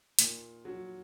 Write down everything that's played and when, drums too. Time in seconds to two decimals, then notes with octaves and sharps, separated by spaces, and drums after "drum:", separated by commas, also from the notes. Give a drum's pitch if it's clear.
0.19 A#2, drum: hi-hat
0.65 F#3